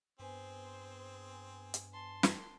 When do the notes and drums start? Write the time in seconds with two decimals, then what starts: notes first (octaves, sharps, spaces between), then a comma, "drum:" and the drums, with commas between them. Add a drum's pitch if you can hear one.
0.19 G2 B3 C4 G#4 B4 C5 G#5
1.74 drum: hi-hat
1.93 A5 C6
2.23 drum: snare